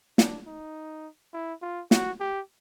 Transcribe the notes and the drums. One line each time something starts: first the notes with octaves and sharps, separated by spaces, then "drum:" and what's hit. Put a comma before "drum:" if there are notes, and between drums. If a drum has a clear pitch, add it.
D4, drum: snare
D#4
E4
F4
F#4, drum: snare
G4